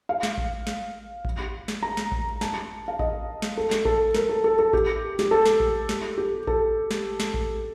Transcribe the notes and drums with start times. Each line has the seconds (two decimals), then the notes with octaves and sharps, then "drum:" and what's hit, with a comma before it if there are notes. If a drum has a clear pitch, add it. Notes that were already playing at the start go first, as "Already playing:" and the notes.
0.09 F5
0.23 drum: snare
0.38 drum: kick A1
0.67 drum: snare
1.25 drum: kick A1
1.68 drum: snare
1.83 A#5
1.97 drum: snare
2.12 drum: kick A1
2.41 A5, drum: snare
2.88 F5
2.99 D#5, drum: kick A1
3.42 drum: snare
3.57 A4
3.71 drum: snare
3.85 A4, drum: kick A1
4.14 A#4, drum: snare
4.29 A4
4.44 A4
4.59 A4
4.73 G4, drum: kick A1
5.19 G4, drum: snare
5.31 A4
5.45 drum: snare
5.60 drum: kick A1
5.89 drum: snare
6.18 G4
6.47 A4, drum: kick A1
6.91 drum: snare
7.20 drum: snare
7.34 drum: kick A1